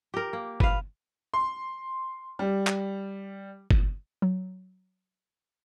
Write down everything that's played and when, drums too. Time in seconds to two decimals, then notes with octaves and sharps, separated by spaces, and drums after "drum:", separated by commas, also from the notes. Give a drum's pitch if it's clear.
0.14 G4 A#4
0.33 A#3
0.60 B4 F5, drum: kick G1
1.34 C6
2.39 G3
2.67 drum: clap
3.71 drum: kick G1
4.22 F#3